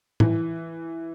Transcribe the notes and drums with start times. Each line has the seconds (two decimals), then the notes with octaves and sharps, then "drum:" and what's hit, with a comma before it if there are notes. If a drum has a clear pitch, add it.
0.20 E3, drum: tom A2